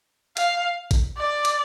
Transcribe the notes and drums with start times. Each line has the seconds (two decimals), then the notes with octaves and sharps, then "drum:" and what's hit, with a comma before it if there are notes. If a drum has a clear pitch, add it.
0.37 F5, drum: hi-hat
0.91 drum: kick, hi-hat
1.17 D5
1.45 drum: hi-hat